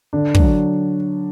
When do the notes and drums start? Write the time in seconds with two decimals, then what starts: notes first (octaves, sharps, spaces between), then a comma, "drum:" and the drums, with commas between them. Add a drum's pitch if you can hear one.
0.13 D3 D4
0.35 F#3 D4, drum: kick